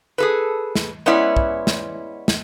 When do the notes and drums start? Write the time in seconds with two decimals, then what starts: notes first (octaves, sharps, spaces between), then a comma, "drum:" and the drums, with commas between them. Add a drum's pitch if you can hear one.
0.18 G#4 A4 B4
0.75 drum: snare
1.06 G#3 B3 C#4 E4 D5
1.36 drum: kick
1.67 drum: snare
2.28 drum: snare